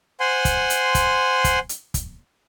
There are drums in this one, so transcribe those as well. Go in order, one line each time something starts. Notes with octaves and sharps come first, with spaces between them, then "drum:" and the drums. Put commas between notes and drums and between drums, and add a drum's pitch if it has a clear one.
C5 F#5 G#5 C6
drum: kick, hi-hat
drum: hi-hat
drum: kick, hi-hat
drum: kick, hi-hat
drum: hi-hat
drum: kick, hi-hat